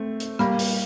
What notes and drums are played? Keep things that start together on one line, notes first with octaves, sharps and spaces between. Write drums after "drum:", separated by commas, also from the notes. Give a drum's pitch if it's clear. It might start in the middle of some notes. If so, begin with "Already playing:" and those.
Already playing: A3 C4
drum: hi-hat
G3 A#3, drum: rim click
drum: open hi-hat